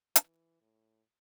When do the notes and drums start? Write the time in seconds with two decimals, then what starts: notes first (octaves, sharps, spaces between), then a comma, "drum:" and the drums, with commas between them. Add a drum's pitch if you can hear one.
0.16 E3, drum: hi-hat
0.61 A2